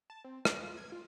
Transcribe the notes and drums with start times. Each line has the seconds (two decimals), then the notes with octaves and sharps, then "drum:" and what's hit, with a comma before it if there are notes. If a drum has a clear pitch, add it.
0.10 A5
0.24 C4
0.45 D#5, drum: rim click
0.64 F4
0.77 G#6
0.92 F4